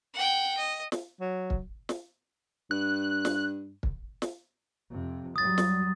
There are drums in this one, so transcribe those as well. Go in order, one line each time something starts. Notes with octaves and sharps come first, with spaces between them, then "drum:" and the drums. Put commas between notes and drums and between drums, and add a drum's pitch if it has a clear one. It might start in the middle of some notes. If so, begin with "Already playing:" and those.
F#5 G5
D#5
drum: snare
F#3
drum: kick
drum: snare
G2 F#6
drum: snare
drum: kick
drum: snare
F2 C3
F#3 G3 D#6 A6
drum: snare